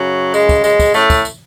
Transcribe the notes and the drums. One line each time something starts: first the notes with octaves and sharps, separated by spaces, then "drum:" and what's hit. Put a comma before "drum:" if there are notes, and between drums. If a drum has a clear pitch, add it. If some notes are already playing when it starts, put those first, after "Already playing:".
Already playing: F#2 C#3 F#3
G#3, drum: tambourine
drum: kick, tambourine
G#3, drum: tambourine
drum: kick, tambourine
A2 A3, drum: tambourine
drum: kick, tambourine
drum: tambourine